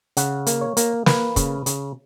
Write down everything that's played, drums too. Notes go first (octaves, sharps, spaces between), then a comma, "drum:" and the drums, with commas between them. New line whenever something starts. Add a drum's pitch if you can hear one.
C#3 F#5, drum: hi-hat
A#3, drum: hi-hat
C#5
A#3, drum: hi-hat
A#3 B4, drum: snare
C#3, drum: kick, hi-hat
C#3, drum: hi-hat